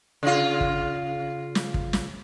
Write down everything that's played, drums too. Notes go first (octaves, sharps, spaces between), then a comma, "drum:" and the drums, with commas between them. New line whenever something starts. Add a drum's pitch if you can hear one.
C#3 F4
drum: kick
drum: snare
drum: kick
drum: snare